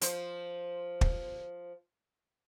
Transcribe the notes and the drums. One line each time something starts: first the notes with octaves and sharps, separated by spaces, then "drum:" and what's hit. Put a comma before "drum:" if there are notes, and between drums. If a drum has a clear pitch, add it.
F3 C5, drum: hi-hat
drum: kick